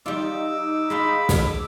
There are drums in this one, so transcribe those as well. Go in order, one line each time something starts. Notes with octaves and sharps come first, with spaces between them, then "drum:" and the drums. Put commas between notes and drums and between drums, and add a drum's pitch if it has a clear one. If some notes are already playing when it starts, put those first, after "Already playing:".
G3 D#4 F4 D6 E6
G#3 F4 F5 B5
drum: snare